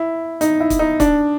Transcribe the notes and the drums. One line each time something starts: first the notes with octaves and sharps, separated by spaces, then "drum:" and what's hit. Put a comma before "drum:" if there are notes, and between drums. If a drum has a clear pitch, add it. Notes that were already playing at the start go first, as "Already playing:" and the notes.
Already playing: E4
D#4, drum: hi-hat
E4
drum: kick, hi-hat
D#4
D4, drum: kick, hi-hat